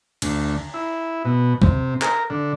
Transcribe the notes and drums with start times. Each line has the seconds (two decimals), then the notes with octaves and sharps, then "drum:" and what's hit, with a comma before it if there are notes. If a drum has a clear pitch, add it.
0.22 D2, drum: cymbal
0.74 E4
1.25 B2
1.62 C3, drum: kick
2.02 A#4, drum: clap
2.30 D3